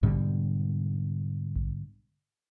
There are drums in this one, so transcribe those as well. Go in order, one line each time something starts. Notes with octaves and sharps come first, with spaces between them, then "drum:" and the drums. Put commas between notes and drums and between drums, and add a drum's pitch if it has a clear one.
G#2 B2 D3 G3, drum: kick A#1
drum: kick A#1